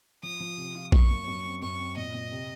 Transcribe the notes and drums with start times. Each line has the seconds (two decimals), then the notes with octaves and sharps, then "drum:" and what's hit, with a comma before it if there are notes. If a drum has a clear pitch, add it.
0.23 F3 D#6
0.40 F3
0.57 C3
0.75 F4
0.92 F#2 C#6, drum: kick A#1
1.10 A#3
1.28 F#2
1.45 C4
1.62 F#2 C#6
1.80 C4
1.97 A#2 D#5
2.14 A#2
2.32 C3